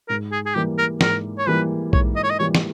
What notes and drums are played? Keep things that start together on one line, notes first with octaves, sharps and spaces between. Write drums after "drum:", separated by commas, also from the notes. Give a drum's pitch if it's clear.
G#2 A#4
G#4
G#4
E3 G3 A#3 G4
A#4
G#2 A#4, drum: snare
C#5
E3 G3 A#3 B4
G#2 C#5, drum: kick A#1
D#5
C#5
D#5
E3 G3 A#3 C#5
drum: snare